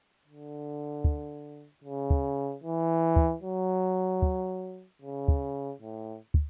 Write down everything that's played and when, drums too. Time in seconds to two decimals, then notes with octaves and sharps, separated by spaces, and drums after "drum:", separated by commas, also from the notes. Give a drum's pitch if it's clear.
0.25 D3
1.04 drum: kick
1.84 C#3
2.10 drum: kick
2.64 E3
3.16 drum: kick
3.43 F#3
4.22 drum: kick
5.02 C#3
5.28 drum: kick
5.81 A2
6.34 drum: kick